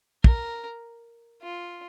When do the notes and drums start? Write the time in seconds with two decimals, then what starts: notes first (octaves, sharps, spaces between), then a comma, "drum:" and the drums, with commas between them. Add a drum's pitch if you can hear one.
0.24 A#4, drum: kick
1.43 F4